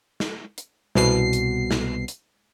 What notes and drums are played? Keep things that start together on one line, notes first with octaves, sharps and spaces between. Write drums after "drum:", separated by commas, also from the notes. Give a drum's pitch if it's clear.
drum: snare
drum: hi-hat
C2 B2 C7, drum: snare
drum: hi-hat
drum: snare
drum: hi-hat